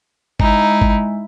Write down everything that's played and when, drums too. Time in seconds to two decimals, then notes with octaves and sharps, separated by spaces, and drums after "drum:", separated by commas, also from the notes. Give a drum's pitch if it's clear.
0.40 G#3 D#4 E4, drum: kick
0.82 drum: kick